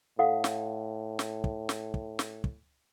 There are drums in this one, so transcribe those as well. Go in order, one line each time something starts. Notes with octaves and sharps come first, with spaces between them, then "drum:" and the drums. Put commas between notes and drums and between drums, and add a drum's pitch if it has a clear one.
A2 A4 F5 F#5
drum: snare
drum: snare
drum: kick
drum: snare
drum: kick
drum: snare
drum: kick